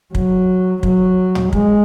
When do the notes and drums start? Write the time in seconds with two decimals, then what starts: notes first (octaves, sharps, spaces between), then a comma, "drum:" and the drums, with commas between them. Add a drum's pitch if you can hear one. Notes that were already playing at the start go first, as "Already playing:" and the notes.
0.15 F#3, drum: kick
0.83 F#3, drum: kick
1.35 drum: tom
1.53 G#3, drum: kick